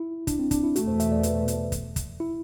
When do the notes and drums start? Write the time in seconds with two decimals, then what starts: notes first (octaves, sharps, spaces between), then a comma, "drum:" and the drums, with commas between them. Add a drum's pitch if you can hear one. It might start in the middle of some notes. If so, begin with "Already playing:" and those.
Already playing: E4
0.27 D4, drum: kick, hi-hat
0.39 C4
0.51 D4, drum: kick, hi-hat
0.64 E4
0.76 E2 B2 A3 F#4, drum: hi-hat
0.87 C5
1.00 E5, drum: hi-hat
1.12 D5
1.23 B4, drum: hi-hat
1.48 drum: hi-hat
1.72 drum: kick, hi-hat
1.96 drum: kick, hi-hat
2.20 E4